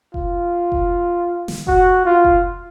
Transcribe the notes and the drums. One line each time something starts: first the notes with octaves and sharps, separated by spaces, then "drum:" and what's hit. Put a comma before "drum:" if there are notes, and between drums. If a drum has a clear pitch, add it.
F4, drum: kick F1
drum: kick F1
drum: snare
F#4, drum: kick F1
F4
drum: kick F1